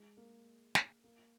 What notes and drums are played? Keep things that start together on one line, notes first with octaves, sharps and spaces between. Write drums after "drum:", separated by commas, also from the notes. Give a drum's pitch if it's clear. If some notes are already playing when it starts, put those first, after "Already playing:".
Already playing: G#3
A#3
drum: snare
A#3